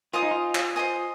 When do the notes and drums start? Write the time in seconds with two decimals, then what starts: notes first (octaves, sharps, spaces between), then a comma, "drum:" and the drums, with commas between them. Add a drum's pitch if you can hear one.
0.13 F4 C5 D#5 G#5 D#6
0.23 D#4
0.31 F4
0.55 drum: clap
0.76 C5 D#5 G#5 D#6